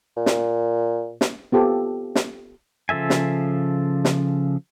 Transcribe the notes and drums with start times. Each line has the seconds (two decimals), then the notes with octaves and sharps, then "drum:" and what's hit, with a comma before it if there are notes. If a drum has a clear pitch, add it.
0.17 A#2
0.26 drum: snare
1.21 drum: snare
1.52 B3 F4 G4 A4 C5
2.15 drum: snare
2.89 C#3 F3 A4 E5 G#5
3.10 drum: snare
4.05 drum: snare